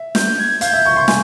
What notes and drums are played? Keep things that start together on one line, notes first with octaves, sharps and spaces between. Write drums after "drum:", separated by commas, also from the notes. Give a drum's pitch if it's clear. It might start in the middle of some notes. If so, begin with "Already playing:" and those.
Already playing: E5
G6, drum: snare
G#6
F5 G6, drum: hi-hat
E5
C#6
C6
G#5, drum: snare